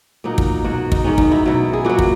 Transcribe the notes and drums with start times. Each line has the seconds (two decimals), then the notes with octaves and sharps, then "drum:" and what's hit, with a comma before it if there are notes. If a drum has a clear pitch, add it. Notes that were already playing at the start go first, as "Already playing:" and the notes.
0.24 A#2 F#3 D#4
0.38 drum: kick
0.64 B2 F#3 F#4
0.92 D#4, drum: kick
1.04 G#2 D#3 F#3 C#4
1.18 D#4, drum: kick
1.32 E4
1.45 B2 F#3 E4
1.73 G#4
1.85 A#2 F#3 F#4
1.99 drum: kick